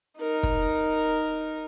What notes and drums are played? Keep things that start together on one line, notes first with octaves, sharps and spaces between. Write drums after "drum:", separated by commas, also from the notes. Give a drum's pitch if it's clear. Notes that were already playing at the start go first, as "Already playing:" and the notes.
D#4 A#4
drum: kick